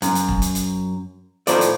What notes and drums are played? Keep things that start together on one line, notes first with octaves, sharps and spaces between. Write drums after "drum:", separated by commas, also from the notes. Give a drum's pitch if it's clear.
F#2, drum: hi-hat
drum: hi-hat
drum: kick E1
drum: hi-hat
drum: hi-hat
A2 D#3 F3 C5 D5, drum: hi-hat
drum: hi-hat